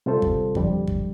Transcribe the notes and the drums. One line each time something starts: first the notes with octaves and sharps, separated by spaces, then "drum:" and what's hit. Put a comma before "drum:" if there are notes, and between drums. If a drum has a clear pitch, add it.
C3 G3 F4 A4 C5
drum: kick
F2 D3 G3, drum: kick
drum: kick